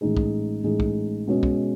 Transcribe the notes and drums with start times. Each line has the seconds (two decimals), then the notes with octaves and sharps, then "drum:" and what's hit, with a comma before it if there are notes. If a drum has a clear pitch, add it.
0.01 A1 A2 G#3 D#4 G#4
0.17 drum: kick
0.64 A1 A2 G#3 D#4 G#4
0.80 drum: kick
1.27 B2 G#3 C#4 G#4
1.43 drum: kick